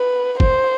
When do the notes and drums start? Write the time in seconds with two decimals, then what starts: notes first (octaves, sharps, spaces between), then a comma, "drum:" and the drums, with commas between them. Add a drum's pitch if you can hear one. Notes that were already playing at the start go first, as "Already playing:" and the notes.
Already playing: B4
0.40 C5, drum: kick